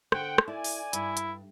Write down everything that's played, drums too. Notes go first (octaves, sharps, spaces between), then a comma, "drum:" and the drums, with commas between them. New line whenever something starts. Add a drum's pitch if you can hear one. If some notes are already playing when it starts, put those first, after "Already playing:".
D3 C5 F#5 G5, drum: rim click
drum: rim click
E4 D5 G#5
drum: open hi-hat
G2 E4, drum: hi-hat
drum: hi-hat